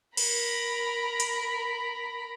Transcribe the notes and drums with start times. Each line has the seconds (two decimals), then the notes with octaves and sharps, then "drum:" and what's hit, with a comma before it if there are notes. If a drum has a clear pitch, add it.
0.17 A#4 B5, drum: cymbal
1.20 drum: hi-hat